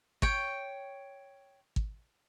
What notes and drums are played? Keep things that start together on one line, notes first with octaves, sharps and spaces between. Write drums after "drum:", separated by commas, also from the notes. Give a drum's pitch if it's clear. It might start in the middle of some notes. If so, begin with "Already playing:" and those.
C#5 G5, drum: kick
drum: kick